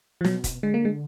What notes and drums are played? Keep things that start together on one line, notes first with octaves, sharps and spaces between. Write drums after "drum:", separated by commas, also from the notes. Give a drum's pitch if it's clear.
F3
B2 F#3, drum: snare
drum: kick, hi-hat
D3 G#3
A#3
G#3